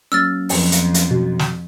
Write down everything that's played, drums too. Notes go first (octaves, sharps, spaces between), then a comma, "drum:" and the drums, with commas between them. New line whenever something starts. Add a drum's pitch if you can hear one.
F#3 A#3 C#4 E6 F6 A6
F2, drum: open hi-hat
drum: hi-hat
drum: hi-hat
B2
drum: snare